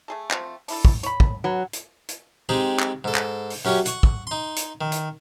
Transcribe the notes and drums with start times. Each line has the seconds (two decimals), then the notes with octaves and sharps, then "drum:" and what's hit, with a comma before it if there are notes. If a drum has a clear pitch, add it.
0.08 A3 G#4 A4
0.31 F3 A3 C4, drum: clap
0.68 D4 E4 A4, drum: open hi-hat
0.85 drum: kick
1.03 C#5 B5, drum: hi-hat
1.20 drum: kick
1.44 F#3 B4
1.73 drum: hi-hat
2.09 drum: hi-hat
2.49 G#3 C4 D#4 G4 G#4
2.79 drum: clap
3.04 G#2 A4
3.15 drum: clap
3.50 drum: open hi-hat
3.65 F#2 C#4 G4 C#5 C#6
3.86 F#5 C#6, drum: hi-hat
4.03 drum: kick
4.27 D#4 C6
4.56 drum: hi-hat
4.81 D#3
4.92 drum: hi-hat